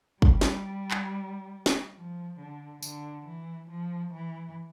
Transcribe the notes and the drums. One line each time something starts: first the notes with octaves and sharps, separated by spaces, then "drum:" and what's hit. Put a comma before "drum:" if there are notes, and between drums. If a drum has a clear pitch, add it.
G3, drum: kick
drum: snare
drum: clap
drum: snare
F3
D3
D3, drum: tambourine
E3
F3
E3